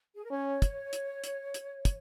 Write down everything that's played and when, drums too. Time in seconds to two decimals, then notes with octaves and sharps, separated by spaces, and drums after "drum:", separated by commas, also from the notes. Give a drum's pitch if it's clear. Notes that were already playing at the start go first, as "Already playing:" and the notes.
0.14 G#4
0.23 A#4
0.31 C#4 C#5
0.62 drum: kick, hi-hat
0.93 drum: hi-hat
1.24 drum: hi-hat
1.54 drum: hi-hat
1.85 drum: kick, hi-hat